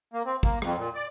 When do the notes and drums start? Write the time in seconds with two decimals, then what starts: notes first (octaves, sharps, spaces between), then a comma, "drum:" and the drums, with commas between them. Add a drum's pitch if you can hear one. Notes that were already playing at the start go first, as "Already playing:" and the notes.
0.13 A#3
0.26 C4
0.43 A#3, drum: kick
0.62 F2, drum: rim click
0.77 A#2
0.95 D5